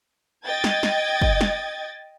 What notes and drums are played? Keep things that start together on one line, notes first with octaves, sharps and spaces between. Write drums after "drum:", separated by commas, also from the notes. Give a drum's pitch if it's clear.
D#5 G5 G#6 A6
drum: snare
drum: snare
drum: kick
drum: snare